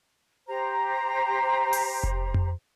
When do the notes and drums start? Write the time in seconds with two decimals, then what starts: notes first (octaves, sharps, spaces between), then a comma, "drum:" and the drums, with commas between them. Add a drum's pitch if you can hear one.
0.48 G4 C5 A#5
1.73 drum: open hi-hat
2.03 drum: kick F1
2.34 drum: tom F2